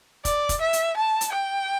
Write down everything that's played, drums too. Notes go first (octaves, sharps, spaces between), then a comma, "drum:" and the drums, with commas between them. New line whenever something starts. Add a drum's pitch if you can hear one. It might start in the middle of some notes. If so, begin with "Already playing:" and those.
D5, drum: kick F1, hi-hat
drum: kick F1, hi-hat
E5
drum: hi-hat
A5
drum: hi-hat
G5